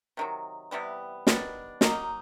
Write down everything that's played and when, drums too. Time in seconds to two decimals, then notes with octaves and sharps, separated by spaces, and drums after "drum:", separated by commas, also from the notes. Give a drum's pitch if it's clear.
0.17 C3 D#3 F#3
0.71 C3 E3 G3 B3
1.27 D#3 G3 B3 D4, drum: snare
1.81 D#3 F#3 A#3 D#4, drum: snare